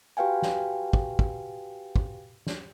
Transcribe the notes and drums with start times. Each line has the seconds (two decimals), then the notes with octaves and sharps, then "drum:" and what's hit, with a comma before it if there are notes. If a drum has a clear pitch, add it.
0.17 F#4 G4 B4 F5 G5 G#5
0.42 drum: snare
0.93 drum: kick
1.19 drum: kick
1.96 drum: kick
2.47 drum: snare